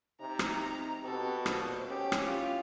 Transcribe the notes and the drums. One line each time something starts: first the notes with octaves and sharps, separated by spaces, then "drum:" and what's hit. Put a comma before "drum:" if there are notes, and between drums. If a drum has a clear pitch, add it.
C3 D#4 A#5
drum: rim click
C4
B2 G4 A4
A#2 C5, drum: rim click
C#4 G4 G5
drum: rim click
E4 F4